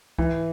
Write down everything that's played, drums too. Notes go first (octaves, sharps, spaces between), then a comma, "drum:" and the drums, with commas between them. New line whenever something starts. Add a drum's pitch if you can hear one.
E3, drum: kick C2